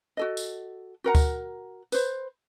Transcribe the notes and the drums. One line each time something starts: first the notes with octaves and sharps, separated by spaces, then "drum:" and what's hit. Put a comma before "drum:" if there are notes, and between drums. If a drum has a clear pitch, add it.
F#4 A4 D#5
drum: tambourine
F#4 A#4 F#5 A#5
drum: kick D2, tambourine
B4 C5, drum: tambourine